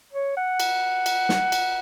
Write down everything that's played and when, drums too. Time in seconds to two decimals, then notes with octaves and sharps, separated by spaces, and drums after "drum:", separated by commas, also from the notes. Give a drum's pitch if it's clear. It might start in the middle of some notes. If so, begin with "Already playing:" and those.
0.13 C#5
0.37 F#5
0.60 drum: cymbal
1.06 drum: cymbal
1.29 drum: snare
1.52 drum: cymbal